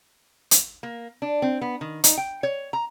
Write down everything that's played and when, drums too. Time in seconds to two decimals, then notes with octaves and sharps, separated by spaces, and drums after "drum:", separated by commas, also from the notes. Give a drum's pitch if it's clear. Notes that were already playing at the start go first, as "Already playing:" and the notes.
0.51 drum: hi-hat
0.83 A#3
1.22 D4
1.42 C4
1.61 B3
1.81 D#3
2.04 D#4, drum: hi-hat
2.18 G5
2.43 C#5
2.73 A#5